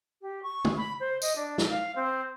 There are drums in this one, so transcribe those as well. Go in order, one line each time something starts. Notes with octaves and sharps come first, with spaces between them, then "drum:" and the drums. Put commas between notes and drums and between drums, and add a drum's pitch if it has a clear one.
G4
C#6
drum: tom
B5
C5
D#5, drum: tambourine
D4
drum: snare
F5
C4